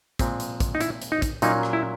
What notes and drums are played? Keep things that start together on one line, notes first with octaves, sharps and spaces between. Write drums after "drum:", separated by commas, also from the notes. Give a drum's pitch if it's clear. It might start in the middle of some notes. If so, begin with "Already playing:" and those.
A#2 F3 G#3 C4, drum: kick, hi-hat
drum: hi-hat
drum: kick, hi-hat
D#4
E4, drum: hi-hat
drum: hi-hat
D#4
drum: kick, hi-hat
A#2 F#3 A#3 C#4 D#4, drum: hi-hat
drum: rim click
E4